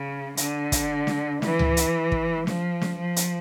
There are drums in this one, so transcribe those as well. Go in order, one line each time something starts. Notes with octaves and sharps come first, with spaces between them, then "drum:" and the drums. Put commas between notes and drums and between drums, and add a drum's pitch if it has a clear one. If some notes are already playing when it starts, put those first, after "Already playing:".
Already playing: C#3
D3, drum: hi-hat
drum: kick, hi-hat
drum: snare
E3, drum: snare
drum: tom C#2
drum: hi-hat
drum: kick
F3, drum: snare
drum: snare
F3
drum: hi-hat